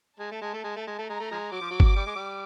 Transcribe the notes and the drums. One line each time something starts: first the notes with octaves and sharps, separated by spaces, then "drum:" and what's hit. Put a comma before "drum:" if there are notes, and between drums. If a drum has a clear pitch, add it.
G#3 A5
A3
G#3
A3
G#3
A3
G#3
A3
G#3 A#5
A3
F3 G#3
F#3 D6
F3
F#3
drum: kick G1
G3
G#3
G3